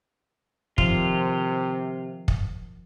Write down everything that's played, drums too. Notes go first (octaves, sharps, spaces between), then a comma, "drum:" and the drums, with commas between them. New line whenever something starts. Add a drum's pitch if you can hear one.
C3 D#3 F3 F4, drum: kick
drum: kick